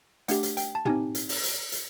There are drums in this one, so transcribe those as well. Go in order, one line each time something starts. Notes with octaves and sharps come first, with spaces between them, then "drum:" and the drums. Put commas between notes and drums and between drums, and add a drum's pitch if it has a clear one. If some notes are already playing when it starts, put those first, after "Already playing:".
A3 D4 G4 F#5, drum: hi-hat
drum: hi-hat
G5, drum: hi-hat
A5
C4 D#4 G4 G#5, drum: tom
drum: hi-hat
drum: open hi-hat
drum: hi-hat
drum: hi-hat